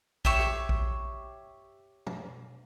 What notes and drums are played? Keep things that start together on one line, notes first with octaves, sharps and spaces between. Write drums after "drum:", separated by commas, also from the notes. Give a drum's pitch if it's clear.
G4 C#5 E5 C#6, drum: kick A#1
drum: rim click
drum: kick A#1
drum: tom